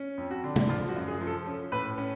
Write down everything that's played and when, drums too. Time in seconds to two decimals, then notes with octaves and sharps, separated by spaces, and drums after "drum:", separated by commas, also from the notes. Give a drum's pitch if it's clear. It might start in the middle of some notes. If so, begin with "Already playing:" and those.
Already playing: C#4
0.18 F2
0.31 F#4
0.44 D3
0.56 drum: tom
0.69 F3 F4
0.88 F#4
0.96 F#2
1.08 G#4
1.21 F3
1.27 A4
1.46 C#4
1.72 A2 B4
1.98 C#4